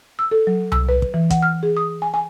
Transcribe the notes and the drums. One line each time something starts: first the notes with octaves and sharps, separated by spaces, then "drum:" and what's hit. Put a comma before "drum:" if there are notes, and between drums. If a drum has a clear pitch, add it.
E6
A4
F#3
E6, drum: tom C2
B4
drum: kick
E3
F#5, drum: kick, hi-hat
F6
G#4
D#6
G#5
G#5